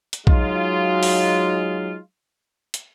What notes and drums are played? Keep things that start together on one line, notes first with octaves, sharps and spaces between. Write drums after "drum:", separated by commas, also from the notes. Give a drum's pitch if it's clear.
drum: hi-hat
F#3 G#3 D#4 F4, drum: kick A#1
drum: open hi-hat
drum: hi-hat